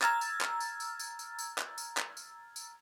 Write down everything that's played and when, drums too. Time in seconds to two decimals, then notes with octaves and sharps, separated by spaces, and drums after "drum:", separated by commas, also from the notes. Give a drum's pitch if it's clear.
0.02 A#5 E6 F6 G#6 A6, drum: clap
0.21 drum: tambourine
0.41 drum: clap
0.60 drum: tambourine
0.80 drum: tambourine
0.99 drum: tambourine
1.19 drum: tambourine
1.39 drum: tambourine
1.58 drum: clap
1.78 drum: tambourine
1.97 drum: clap
2.17 drum: tambourine
2.56 drum: tambourine